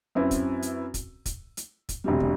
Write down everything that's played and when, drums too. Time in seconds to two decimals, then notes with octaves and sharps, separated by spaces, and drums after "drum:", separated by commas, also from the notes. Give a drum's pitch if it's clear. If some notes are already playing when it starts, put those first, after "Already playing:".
0.15 F#2 F#3 C4 E4 B4
0.31 drum: kick, hi-hat
0.62 drum: hi-hat
0.94 drum: kick, hi-hat
1.26 drum: kick, hi-hat
1.57 drum: hi-hat
1.89 drum: kick, hi-hat
2.04 E1 D2 C3 G3
2.20 drum: kick